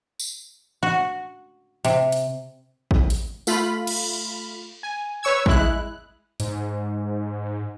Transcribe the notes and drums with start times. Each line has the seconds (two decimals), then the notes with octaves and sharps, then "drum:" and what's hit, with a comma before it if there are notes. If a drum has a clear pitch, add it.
0.20 drum: tambourine
0.83 F#4
1.85 C3, drum: hi-hat
2.12 drum: hi-hat
2.91 drum: kick
3.10 drum: hi-hat
3.47 A3 F4 B5, drum: tambourine
3.87 drum: cymbal
4.83 G#5
5.23 B4 C#5 C#6 E6 G#6
5.46 G#3 E4 F#6, drum: kick
6.40 G#2, drum: hi-hat